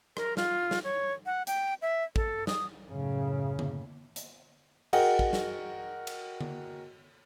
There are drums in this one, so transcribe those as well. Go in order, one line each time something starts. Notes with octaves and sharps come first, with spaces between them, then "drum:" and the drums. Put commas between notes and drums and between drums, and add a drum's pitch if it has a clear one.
A#4, drum: rim click
F4, drum: snare
drum: snare
C#5
F#5
G5, drum: hi-hat
E5
A4, drum: kick
D#6, drum: snare
F#2 A2 C#3
drum: tom D3
drum: hi-hat
F#4 G#4 A#4 D#5 F#5 G5, drum: cymbal
drum: kick
drum: snare
drum: cymbal
drum: tom D3